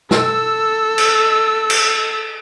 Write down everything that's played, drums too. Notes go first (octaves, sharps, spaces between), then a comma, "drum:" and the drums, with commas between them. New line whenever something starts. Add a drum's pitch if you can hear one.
A4 E6, drum: snare
drum: cymbal
drum: cymbal